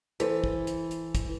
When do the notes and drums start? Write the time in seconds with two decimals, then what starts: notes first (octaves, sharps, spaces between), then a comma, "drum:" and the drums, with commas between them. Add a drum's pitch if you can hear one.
0.20 E3 A4 C5, drum: hi-hat
0.44 drum: kick
0.67 drum: hi-hat
0.91 drum: hi-hat
1.15 drum: kick, hi-hat